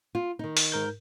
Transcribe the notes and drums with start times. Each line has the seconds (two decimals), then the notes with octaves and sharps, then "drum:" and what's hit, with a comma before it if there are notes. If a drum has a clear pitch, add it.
0.15 F4
0.39 D#3 D#4
0.57 drum: open hi-hat
0.72 G#2 A#4 G6